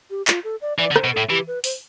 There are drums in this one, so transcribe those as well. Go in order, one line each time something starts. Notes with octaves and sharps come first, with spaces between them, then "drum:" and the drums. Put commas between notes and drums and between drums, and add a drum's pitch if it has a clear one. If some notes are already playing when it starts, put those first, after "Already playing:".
G4
F4, drum: clap
A4
D5
E3 D5
D3
C5, drum: rim click
B2
A2 A4
E3 G4
B4
C5, drum: open hi-hat